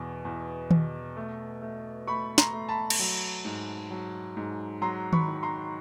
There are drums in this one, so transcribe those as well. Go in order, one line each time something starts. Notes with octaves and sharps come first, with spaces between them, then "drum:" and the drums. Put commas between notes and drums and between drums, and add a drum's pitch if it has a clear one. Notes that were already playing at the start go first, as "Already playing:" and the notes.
Already playing: E2 B2
E2
B2, drum: tom D#3
A3
A3
A3 B5 C#6
A#5 C6, drum: snare
A3
A5 B5
drum: cymbal
F#3
G#2
F#3
G#2
F#3 A#5 C6
B5 C#6, drum: tom D#3
D#3
A#5 C6